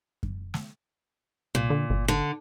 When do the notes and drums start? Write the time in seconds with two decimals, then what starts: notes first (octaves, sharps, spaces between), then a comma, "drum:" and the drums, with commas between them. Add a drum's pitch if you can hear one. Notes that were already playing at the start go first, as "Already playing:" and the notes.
0.23 drum: kick F#2
0.54 drum: snare
1.55 C2 A#2
1.70 D3
1.90 G1
2.08 D3